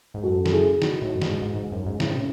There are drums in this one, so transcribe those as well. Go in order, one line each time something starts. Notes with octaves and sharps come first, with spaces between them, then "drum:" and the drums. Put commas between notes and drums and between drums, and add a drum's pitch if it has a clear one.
G#2
F#2 F#4 A4
A4, drum: snare
E4 G#4
D#4 F#4, drum: snare
A2
F#2
G#2, drum: snare
G#2
G#2
F#2
G#2
C#3 C#4 E4, drum: snare
C3
A2